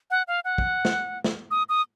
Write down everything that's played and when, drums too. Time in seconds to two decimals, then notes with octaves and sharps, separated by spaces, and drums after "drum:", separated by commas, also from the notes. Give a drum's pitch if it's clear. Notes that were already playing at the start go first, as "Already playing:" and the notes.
0.10 F#5
0.28 F5
0.45 F#5
0.58 drum: kick
0.85 drum: snare
1.24 drum: snare
1.51 D#6
1.69 D#6